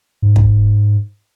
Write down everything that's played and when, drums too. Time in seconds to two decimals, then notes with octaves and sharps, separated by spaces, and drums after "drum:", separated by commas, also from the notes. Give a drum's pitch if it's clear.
0.22 G#2
0.36 drum: kick